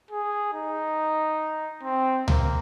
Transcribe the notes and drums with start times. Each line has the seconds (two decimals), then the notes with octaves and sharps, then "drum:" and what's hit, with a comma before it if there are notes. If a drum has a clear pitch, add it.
0.11 G#4
0.54 D#4
1.83 C4
2.28 A#3, drum: tom C#2